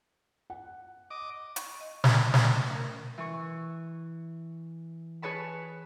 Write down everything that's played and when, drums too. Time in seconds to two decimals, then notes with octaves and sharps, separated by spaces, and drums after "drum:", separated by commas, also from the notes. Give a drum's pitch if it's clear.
0.50 F#5
1.10 D#5 D6
1.56 C#6, drum: hi-hat
1.81 D#5
2.04 F#3, drum: snare
2.34 A3, drum: snare
2.54 C#4
2.75 A#4
3.18 E3 C#6
5.22 G#4 B4 C#5 A5 B5